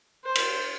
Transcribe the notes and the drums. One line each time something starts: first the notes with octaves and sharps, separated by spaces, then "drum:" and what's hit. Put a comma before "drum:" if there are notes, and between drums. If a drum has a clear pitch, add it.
C5
drum: cymbal